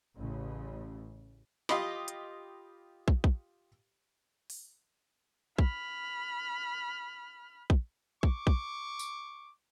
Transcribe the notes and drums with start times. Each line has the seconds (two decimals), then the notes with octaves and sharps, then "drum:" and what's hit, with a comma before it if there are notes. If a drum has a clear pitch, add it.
0.15 A1 C#3
1.69 F4 G4 D#5 B5 C6, drum: snare
2.08 drum: hi-hat
3.08 drum: kick
3.24 drum: kick
4.50 drum: open hi-hat
5.59 B5 F6, drum: kick
7.70 drum: kick
8.23 C#6 D6, drum: kick
8.47 drum: kick
8.99 drum: tambourine